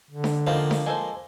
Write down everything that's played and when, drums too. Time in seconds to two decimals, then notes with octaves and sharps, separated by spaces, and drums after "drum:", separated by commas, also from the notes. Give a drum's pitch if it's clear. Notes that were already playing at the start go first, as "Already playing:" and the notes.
0.11 D3
0.24 drum: snare D4
0.47 F3 A#3 C4 D#4 F4
0.71 drum: snare D4
0.86 G#3 A4 C5